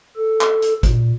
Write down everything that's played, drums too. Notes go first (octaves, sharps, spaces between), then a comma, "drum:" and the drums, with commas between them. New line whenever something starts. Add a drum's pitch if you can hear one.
A4
drum: clap
drum: hi-hat
A#2, drum: kick, hi-hat